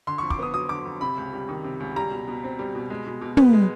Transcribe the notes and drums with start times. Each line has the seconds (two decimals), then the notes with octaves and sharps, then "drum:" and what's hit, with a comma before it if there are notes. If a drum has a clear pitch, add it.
0.07 D3 C6
0.18 F2 C#6
0.30 D6, drum: kick
0.39 B3 D#6
0.54 F#3 D#6
0.69 D3 D6
0.85 F2
1.01 C3 B5
1.18 C#2
1.33 G3
1.49 D#3
1.64 C3
1.80 C#2
1.96 G3 A#5
2.11 B2
2.28 B2
2.44 C4
2.59 G3
2.75 B2
2.90 G#3
3.06 B2
3.21 B2
3.37 B3, drum: tom
3.53 G#3